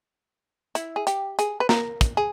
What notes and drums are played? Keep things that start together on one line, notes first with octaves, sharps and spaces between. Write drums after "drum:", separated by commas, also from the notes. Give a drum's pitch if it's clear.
E4, drum: hi-hat
G#4
G4, drum: hi-hat
G#4, drum: hi-hat
B4
A#4, drum: snare
drum: kick, hi-hat
G#4